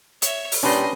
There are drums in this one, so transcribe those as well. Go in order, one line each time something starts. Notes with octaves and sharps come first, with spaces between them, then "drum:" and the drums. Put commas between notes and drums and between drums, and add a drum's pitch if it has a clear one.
C#5 E5, drum: hi-hat
drum: open hi-hat
A#2 G3 C#4 D4 B4 D#5 C6